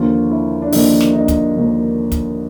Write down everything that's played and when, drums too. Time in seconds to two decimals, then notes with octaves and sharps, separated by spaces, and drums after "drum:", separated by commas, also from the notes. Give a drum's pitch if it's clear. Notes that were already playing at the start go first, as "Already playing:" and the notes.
Already playing: D#2 D3 F3 A#3 F4
0.31 E4
0.62 D4
0.72 D#2 D3 F3 A#3 D#4, drum: open hi-hat
1.00 drum: snare
1.14 D#4
1.28 drum: kick, hi-hat
1.56 D#2 D3 F3 A#3
2.12 drum: kick, hi-hat